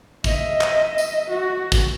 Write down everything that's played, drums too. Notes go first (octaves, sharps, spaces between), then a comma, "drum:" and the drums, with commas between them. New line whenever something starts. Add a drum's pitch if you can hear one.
D#5 E5, drum: kick, tambourine
drum: clap
drum: tambourine
F#4
drum: kick, tambourine